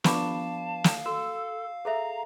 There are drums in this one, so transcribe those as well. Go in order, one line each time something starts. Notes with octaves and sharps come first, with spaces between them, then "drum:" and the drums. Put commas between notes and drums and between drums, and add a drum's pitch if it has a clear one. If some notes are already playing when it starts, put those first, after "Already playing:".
F3 B3 D4 G4 F5 A5 B5 D6, drum: snare
drum: snare
F#4 A4 E6
G#4 A4 E5 A#5